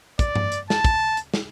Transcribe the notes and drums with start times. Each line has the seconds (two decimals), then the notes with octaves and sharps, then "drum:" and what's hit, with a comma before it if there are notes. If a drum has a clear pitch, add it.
0.19 D5, drum: kick, hi-hat
0.35 drum: tom G2
0.52 drum: hi-hat
0.70 A5, drum: snare
0.85 drum: kick, hi-hat
1.17 drum: hi-hat
1.34 drum: snare